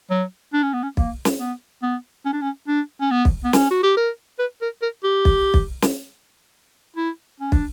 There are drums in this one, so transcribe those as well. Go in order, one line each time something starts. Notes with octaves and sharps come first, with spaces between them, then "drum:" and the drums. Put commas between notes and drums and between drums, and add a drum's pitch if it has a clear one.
F#3
D4
C#4
B3
C#4
A#3, drum: kick
drum: snare
B3
B3
C#4
D4
C#4
D4
C#4
B3
drum: kick
B3
C#4, drum: snare
F#4
G4
A#4
B4
A#4
A#4
G4
drum: kick
drum: kick
drum: snare
E4
C#4
D4, drum: kick